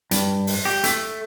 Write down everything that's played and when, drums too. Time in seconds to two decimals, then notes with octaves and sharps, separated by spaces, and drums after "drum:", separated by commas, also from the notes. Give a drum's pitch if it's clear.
0.11 G2, drum: hi-hat
0.47 drum: open hi-hat
0.65 G4
0.84 A3, drum: hi-hat